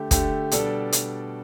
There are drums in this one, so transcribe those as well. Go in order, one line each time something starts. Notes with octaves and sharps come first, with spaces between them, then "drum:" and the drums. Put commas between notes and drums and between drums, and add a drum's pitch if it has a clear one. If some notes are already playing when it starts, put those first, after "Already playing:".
Already playing: D3 A3 G4
D3 A3 G4, drum: kick, hi-hat
B2 G3 D4 A4, drum: hi-hat
drum: hi-hat